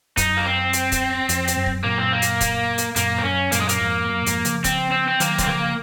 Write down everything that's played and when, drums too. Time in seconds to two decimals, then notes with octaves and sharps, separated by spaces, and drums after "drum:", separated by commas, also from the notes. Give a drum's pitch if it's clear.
0.17 F#2 D#4, drum: kick C#1, hi-hat
0.37 A#3
0.46 C4
0.73 drum: hi-hat
0.92 drum: kick C#1, hi-hat
1.29 F2, drum: hi-hat
1.48 drum: hi-hat
1.57 F#2
1.66 drum: kick C#1
1.84 F#2 A#2 A#3
1.98 C4
2.12 A#3
2.22 drum: hi-hat
2.41 drum: kick C#1, hi-hat
2.78 drum: hi-hat
2.96 F#2 A#2 A#3, drum: hi-hat
3.19 C4
3.24 F#2 C#4
3.52 F#2 A#2 A#3, drum: hi-hat
3.60 G#3
3.69 A#3, drum: hi-hat
3.81 F2 G#2
4.09 F#2
4.22 A#2
4.26 F2 G#2, drum: hi-hat
4.45 C#3 F3, drum: hi-hat
4.64 C4, drum: kick C#1, hi-hat
4.91 C4
5.08 C4
5.20 D#3 F#3 A#3, drum: hi-hat
5.38 C4, drum: kick C#1, hi-hat
5.47 C#3 F3 A#3